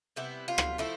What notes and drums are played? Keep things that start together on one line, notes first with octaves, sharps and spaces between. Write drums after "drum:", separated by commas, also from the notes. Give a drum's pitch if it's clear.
C3 G3 B3 E4
F4
drum: rim click
F3 A3 E4